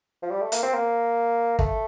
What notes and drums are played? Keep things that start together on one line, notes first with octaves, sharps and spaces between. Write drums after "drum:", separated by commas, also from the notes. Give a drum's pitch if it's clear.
F3
G3
A3
A#3, drum: hi-hat
C4
A#3
A3, drum: kick